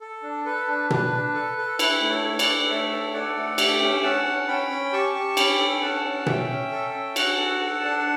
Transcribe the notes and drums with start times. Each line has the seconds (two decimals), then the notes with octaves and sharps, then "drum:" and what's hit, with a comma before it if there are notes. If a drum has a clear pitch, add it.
0.01 A4
0.23 D4
0.45 A4 B4
0.68 D4
0.90 D4 B4, drum: tom B2
1.12 D4
1.35 A4
1.57 A4
1.79 E4 B4, drum: cymbal
2.02 A3
2.09 A4 C#5
2.24 A3
2.39 B4 D5, drum: cymbal
2.47 A4
2.68 A3 C#5 E5
2.92 A4
3.14 A4 D5 F#5
3.36 A3
3.58 G4 E5 G5, drum: cymbal
3.81 C#4
4.03 C#4 F#5 A5
4.26 C#4
4.48 C#4 G5 B5
4.70 C#4
4.93 G4 A5 C#6
5.15 G4
5.37 C#4 G5 B5, drum: cymbal
5.59 A4
5.81 C#4 F#5 A5
6.05 C#4
6.19 F#5
6.26 C#4 E5 G5, drum: tom B2
6.49 C#4
6.72 A4
6.95 C#4
7.16 F#4 F#5 A5, drum: cymbal
7.38 A4
7.61 A4
7.83 D4